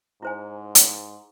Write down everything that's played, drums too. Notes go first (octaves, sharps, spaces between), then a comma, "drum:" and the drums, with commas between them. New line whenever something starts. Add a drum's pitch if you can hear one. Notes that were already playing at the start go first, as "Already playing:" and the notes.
G#2 E4 C5 G#5
drum: hi-hat